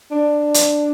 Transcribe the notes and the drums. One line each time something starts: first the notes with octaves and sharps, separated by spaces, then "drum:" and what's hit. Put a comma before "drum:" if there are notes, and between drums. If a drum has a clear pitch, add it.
D4
drum: hi-hat